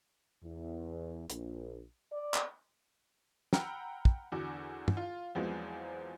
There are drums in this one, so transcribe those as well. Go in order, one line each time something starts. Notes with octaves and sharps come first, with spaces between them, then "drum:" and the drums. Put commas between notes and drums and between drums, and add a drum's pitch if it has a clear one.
E2
A#1, drum: hi-hat
D5
drum: clap
F#5 G5 A#5 B5 E6 F6, drum: snare
drum: kick
E2 D3 D4 F#4 D6
drum: tom
F4
E2 F3 F#3 G#3 B3 C4